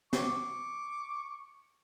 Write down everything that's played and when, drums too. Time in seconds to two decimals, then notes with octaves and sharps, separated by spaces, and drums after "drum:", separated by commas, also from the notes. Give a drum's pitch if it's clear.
0.13 C#6 D6, drum: snare